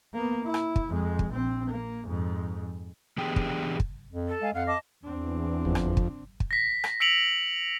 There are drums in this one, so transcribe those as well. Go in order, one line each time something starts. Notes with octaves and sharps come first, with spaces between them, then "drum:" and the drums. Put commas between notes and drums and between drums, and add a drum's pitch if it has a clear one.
A#3 B3
E4
drum: rim click
drum: kick
F2 G#3
drum: kick
A#1 C4
A#3
F2 G#2
E3 B3 D4 G4 G#4 G5
drum: kick
drum: kick
F2
A4
G#3 F5 G#5
F2 F5 F#5
D#5 A5 D6
E2 C4 D4
G1 F2
drum: rim click
drum: kick
drum: kick
A#6 B6
drum: rim click
E6 B6 C#7 D7 F7 F#7